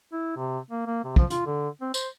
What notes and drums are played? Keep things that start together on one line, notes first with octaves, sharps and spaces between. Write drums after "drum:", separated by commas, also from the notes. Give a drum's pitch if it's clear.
E4
C3
A#3
A#3
C3
F3, drum: kick
F4, drum: hi-hat
D3
C4
C5, drum: tambourine